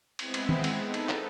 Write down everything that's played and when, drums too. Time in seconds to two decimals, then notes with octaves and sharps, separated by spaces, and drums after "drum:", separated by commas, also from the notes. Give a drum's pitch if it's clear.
0.19 G#3 B3 C4 E4, drum: cymbal
0.34 drum: cymbal
0.49 drum: tom D#3
0.64 drum: cymbal
0.83 D#4 A4 B4
0.94 drum: cymbal
1.09 drum: clap